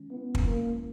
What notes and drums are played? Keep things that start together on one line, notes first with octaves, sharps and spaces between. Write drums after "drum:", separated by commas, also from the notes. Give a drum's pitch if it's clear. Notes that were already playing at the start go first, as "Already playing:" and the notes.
Already playing: D#3 G#3 C#4
B3 E4
D#3, drum: kick
A#3
G#3